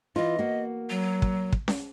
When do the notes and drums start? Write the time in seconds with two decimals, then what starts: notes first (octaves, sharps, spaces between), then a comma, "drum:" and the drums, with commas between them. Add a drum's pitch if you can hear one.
0.16 E3 F4 D#5
0.39 A#3 F#4
0.90 F#3
1.22 drum: kick
1.53 drum: kick
1.68 drum: snare C#4